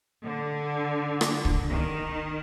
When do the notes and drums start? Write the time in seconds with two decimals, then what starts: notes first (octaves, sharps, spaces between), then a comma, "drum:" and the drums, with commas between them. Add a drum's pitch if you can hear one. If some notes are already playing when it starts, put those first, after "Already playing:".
0.24 D3
1.21 drum: rim click
1.45 drum: kick
1.69 D#3